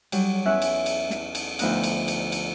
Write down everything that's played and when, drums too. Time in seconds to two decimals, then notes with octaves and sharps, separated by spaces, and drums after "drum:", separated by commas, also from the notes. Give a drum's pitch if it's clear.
0.12 F#3 G3, drum: cymbal
0.45 E2 C#4 E5 F#6
0.62 drum: cymbal
0.86 drum: cymbal
1.10 drum: snare
1.35 drum: cymbal
1.59 D2 F3 B3 D#4 F#6, drum: cymbal
1.83 drum: cymbal
2.08 drum: cymbal
2.32 drum: cymbal